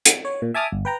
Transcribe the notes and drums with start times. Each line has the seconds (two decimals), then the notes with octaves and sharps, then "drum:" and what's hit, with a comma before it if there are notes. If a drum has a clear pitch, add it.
0.06 drum: hi-hat
0.25 C#5
0.42 A#2
0.54 E5 G#5 A5 D6 D#6 F6
0.72 G1
0.85 B4 G5 A#5